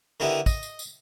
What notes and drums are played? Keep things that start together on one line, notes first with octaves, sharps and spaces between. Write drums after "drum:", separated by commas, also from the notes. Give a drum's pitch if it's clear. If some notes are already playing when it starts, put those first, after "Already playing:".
D3 D#3 B3 D#4 E4 G4
D#5, drum: kick, tambourine
drum: tambourine
drum: tambourine